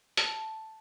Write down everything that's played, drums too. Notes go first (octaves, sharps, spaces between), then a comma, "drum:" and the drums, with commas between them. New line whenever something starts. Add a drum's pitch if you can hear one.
A5, drum: hi-hat